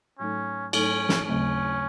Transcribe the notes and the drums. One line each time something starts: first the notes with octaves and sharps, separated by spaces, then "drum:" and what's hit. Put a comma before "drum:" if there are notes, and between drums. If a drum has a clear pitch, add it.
G#2 F#3 A3 C#4 D#4 A4
G#2 F#3 A3 C#4 D#4 A4, drum: cymbal
drum: snare
D#2 C#3 F#3 A3 C4 C#4